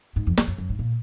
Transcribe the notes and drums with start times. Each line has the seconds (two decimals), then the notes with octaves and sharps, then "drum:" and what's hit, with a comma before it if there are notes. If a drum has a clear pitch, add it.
0.16 G#2
0.27 F2
0.37 F2, drum: snare
0.48 F#2
0.58 F#2
0.70 G#2
0.79 A#2